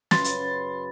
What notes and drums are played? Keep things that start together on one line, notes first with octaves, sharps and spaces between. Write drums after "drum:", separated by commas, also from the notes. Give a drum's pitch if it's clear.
F#2 C#3 B4 C6 A6, drum: snare
drum: hi-hat